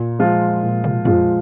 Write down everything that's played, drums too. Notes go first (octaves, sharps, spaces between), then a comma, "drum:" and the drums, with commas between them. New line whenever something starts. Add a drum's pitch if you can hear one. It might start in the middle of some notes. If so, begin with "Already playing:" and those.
Already playing: A#2
F3 G#3 F4
A#2
drum: tom
F3 G#3 F4, drum: tom